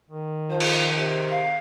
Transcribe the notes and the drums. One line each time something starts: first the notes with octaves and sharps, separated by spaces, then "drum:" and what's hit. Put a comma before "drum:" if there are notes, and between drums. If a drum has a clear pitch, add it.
D#3
F3 C5
drum: cymbal
C3
F5